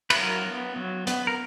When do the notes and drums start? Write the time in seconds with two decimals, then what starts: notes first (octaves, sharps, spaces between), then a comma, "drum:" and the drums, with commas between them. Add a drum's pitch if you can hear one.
0.10 B4, drum: cymbal
0.16 F#3 A#4
0.46 B3
0.76 F#3
1.07 B3, drum: hi-hat
1.27 A#4